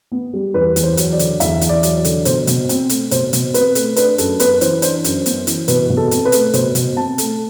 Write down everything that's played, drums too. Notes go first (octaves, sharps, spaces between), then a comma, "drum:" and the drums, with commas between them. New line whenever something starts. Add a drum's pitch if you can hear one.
B3
G3
E2 B4
E2, drum: hi-hat
C5
F#3, drum: hi-hat
D5
D3, drum: hi-hat
E2 E5, drum: hi-hat
E2, drum: hi-hat
D5
F#3, drum: hi-hat
D5
D3, drum: hi-hat
B2 C5, drum: hi-hat
B2, drum: hi-hat
C4, drum: hi-hat
A3, drum: hi-hat
B2 C5, drum: hi-hat
B2, drum: hi-hat
C4 B4, drum: hi-hat
A3, drum: hi-hat
D4 B4, drum: hi-hat
F#2 A4, drum: hi-hat
B3 B4, drum: hi-hat
E3 C5, drum: hi-hat
D4 C5, drum: hi-hat
F#2, drum: hi-hat
B3, drum: hi-hat
E3, drum: hi-hat
B2 B4, drum: hi-hat
B2
A4
C4, drum: hi-hat
B4
A3, drum: hi-hat
B2 C5, drum: hi-hat
B2, drum: hi-hat
C4 A5
A3, drum: hi-hat